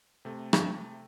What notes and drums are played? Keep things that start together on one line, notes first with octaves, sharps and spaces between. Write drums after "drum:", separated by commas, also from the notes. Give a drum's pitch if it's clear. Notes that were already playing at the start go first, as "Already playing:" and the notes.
C3 A3
drum: rim click